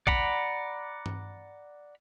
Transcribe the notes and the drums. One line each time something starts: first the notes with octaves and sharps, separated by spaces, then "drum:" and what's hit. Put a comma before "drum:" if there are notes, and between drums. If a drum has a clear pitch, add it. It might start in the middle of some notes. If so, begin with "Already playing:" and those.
D5 F#5 A#5 B5, drum: kick
drum: tom G2